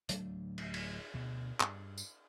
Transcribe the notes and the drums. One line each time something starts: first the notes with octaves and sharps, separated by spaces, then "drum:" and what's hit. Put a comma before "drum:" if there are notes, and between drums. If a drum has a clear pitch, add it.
D1 F#3 A3 D4, drum: hi-hat
drum: cymbal
drum: cymbal
D2 B2
G2, drum: clap
drum: tambourine